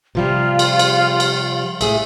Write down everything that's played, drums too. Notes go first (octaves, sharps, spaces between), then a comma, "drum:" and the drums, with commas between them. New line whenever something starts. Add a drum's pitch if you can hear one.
C3 F3 G3 F4
drum: cymbal
drum: cymbal
drum: cymbal
A2 G#4 E5, drum: cymbal